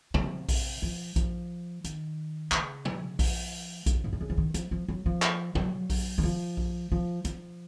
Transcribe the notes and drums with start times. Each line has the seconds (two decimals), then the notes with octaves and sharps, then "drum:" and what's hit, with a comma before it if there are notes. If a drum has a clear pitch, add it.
0.14 C3, drum: tom
0.49 drum: kick A#1, open hi-hat
0.82 F3
1.16 F3, drum: kick A#1, hi-hat
1.84 D#3, drum: hi-hat
2.52 C#3, drum: clap
2.85 drum: tom
3.19 F3, drum: kick A#1, open hi-hat
3.86 F#3, drum: kick A#1, hi-hat
3.95 F3
4.04 G#2
4.13 F#2
4.21 C#3
4.30 F3
4.37 D#3
4.54 F3, drum: hi-hat
4.71 F3
4.88 F#3
5.06 F3
5.22 drum: clap
5.55 F#3, drum: tom
5.90 drum: kick A#1, open hi-hat
6.18 D#3
6.23 F3
6.57 drum: kick A#1
6.92 F3
7.25 F3, drum: hi-hat